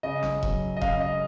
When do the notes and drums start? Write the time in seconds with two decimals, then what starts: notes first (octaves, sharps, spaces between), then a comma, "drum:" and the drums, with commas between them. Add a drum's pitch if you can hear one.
0.03 C#3 D#5
0.23 drum: snare
0.43 F#3, drum: kick E1
0.77 D#5
0.81 C#3 F5, drum: kick E1
1.00 D#5